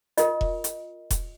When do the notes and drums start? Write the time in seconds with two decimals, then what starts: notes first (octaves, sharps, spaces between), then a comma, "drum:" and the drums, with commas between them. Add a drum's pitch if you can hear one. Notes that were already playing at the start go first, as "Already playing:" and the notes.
0.17 F4 A#4 D#5, drum: hi-hat
0.41 drum: kick E1
0.64 drum: hi-hat
1.10 drum: kick E1, hi-hat